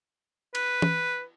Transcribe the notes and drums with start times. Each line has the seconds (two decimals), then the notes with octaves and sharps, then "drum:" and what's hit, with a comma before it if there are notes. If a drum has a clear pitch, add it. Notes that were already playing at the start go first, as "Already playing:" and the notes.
0.55 B4, drum: cymbal
0.82 drum: tom